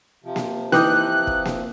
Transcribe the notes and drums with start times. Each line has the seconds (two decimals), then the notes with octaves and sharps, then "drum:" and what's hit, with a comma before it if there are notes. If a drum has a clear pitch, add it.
0.24 C3 F3
0.36 drum: snare A#3
0.72 E3 D#4 G5 D6 F#6 G6, drum: snare A#3
1.27 drum: kick
1.45 drum: snare A#3